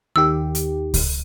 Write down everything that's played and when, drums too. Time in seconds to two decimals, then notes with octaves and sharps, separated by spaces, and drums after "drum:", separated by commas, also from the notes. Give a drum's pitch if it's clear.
0.16 D#2 D#3 G4 E6
0.55 drum: hi-hat
0.94 drum: kick C#2, open hi-hat